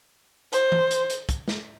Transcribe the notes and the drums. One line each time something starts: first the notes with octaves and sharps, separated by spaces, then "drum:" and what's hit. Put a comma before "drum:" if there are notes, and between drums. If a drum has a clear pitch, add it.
C5, drum: hi-hat
drum: tom E3
drum: hi-hat
drum: hi-hat
drum: kick, hi-hat
drum: snare